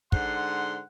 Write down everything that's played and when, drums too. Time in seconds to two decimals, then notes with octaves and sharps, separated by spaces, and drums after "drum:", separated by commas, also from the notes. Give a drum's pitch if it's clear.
0.12 G#2 D3 F#5 C6, drum: kick